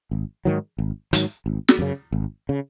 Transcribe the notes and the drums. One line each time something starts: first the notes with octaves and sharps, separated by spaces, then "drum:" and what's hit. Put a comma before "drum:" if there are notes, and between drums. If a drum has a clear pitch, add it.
G#1
G#2 D#3 F#3
G#1
G#2 D#3 F#3, drum: hi-hat
G#1
drum: snare
F#2 C#3
G#1
C#3